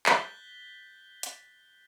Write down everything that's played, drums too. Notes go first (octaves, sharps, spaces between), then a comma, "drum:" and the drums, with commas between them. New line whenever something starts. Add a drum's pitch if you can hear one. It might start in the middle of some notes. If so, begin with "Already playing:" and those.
F#6 G6 A6 B6 G7, drum: clap
drum: hi-hat